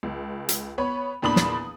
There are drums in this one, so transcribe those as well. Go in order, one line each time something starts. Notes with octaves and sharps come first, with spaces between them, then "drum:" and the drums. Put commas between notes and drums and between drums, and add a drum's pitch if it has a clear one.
C#2
drum: hi-hat
B3 C#5 B5
E2 A#2 D4 B5 D#6 F#7
drum: snare